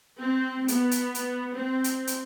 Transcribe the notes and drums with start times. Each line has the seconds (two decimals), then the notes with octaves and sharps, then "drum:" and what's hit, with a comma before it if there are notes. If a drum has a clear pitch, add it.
0.18 C4
0.68 B3, drum: hi-hat
0.91 drum: hi-hat
1.15 drum: hi-hat
1.54 C4
1.84 drum: hi-hat
2.07 drum: hi-hat